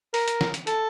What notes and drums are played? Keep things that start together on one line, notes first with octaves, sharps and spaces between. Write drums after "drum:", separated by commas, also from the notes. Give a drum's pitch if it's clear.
A#4, drum: open hi-hat
drum: hi-hat
drum: snare
drum: hi-hat
A4, drum: hi-hat